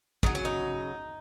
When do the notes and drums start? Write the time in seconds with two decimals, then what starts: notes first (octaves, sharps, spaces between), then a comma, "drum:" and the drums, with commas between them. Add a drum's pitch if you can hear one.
0.23 C#3 F#3 D#4, drum: kick
0.35 C#4
0.45 D#4